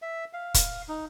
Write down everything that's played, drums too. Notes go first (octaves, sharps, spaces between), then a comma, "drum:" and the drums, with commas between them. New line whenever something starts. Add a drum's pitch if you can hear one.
E5
F5
drum: kick, hi-hat
D#4